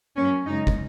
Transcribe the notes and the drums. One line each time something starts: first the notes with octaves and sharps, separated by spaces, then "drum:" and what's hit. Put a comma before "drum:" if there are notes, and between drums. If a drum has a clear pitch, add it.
F#2 F#3 A#3 C#4
F#2 C#3 G#3 D#4
drum: kick